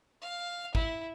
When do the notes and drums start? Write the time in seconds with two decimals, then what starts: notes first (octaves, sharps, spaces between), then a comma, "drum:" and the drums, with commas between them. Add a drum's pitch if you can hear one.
0.22 F5
0.75 E4, drum: kick